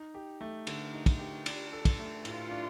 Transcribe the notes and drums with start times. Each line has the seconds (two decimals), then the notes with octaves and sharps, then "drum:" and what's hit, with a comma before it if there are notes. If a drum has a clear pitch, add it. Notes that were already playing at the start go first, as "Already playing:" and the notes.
Already playing: D#4
0.14 G4
0.41 A3
0.67 D3, drum: cymbal
0.93 D#4
1.06 drum: kick, cymbal
1.19 G4
1.46 D4, drum: cymbal
1.73 A4
1.85 drum: kick, cymbal
1.99 A3
2.25 A2 F4, drum: cymbal
2.51 D4